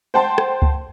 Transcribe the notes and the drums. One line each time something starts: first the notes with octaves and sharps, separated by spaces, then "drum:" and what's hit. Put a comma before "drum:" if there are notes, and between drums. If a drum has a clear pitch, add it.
C5 F#5 G5 A5 C6
drum: rim click
drum: kick C#2